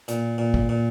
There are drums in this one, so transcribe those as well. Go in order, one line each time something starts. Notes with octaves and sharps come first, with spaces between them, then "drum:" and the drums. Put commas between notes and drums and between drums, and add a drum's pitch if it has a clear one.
A#2, drum: hi-hat
A#2
drum: kick
A#2